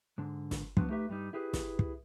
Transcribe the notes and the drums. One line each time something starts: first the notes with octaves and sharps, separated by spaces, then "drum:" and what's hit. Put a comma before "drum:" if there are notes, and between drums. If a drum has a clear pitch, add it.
G#2 D3
drum: snare
F3 G3 B3 D4 F#4, drum: kick
A3 D#4 G4 B4 E5
G2 G3 D#4
E4 G4 G#4 B4
drum: snare
drum: kick